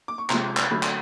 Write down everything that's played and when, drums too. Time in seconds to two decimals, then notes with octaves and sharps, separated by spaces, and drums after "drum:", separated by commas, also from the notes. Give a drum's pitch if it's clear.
0.08 D6
0.18 C#6
0.30 C3 F3 G#3 A#5 C6, drum: clap
0.57 drum: clap
0.71 D3 F#3 A3 B5
0.83 C6, drum: clap